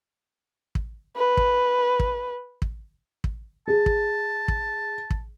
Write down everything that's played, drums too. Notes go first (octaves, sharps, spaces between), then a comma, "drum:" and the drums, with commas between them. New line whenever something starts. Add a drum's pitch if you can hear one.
drum: kick
B4
drum: kick
drum: kick
drum: kick
drum: kick
G#4 A5
drum: kick
drum: kick
drum: kick